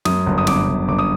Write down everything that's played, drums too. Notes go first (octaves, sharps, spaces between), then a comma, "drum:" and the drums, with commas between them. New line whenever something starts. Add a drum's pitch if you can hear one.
F#2 D#6, drum: snare
G1
D#6
G1 D6, drum: snare
G1
G1 D6
D#6